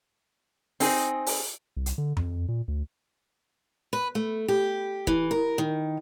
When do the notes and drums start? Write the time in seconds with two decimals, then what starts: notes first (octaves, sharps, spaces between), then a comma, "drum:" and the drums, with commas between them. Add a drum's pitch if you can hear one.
0.80 C4 D#4 G#4, drum: open hi-hat
1.26 drum: open hi-hat
1.76 C2
1.86 drum: hi-hat
1.98 D3
2.17 F2, drum: tom F2
2.49 A#2
2.68 D2
3.93 B4
4.15 A3
4.48 G4
5.07 E3, drum: kick
5.31 A#4
5.58 D#3